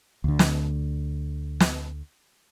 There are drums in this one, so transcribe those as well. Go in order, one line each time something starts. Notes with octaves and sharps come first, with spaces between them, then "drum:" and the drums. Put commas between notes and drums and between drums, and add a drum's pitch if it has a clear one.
D2 D3
drum: snare
drum: snare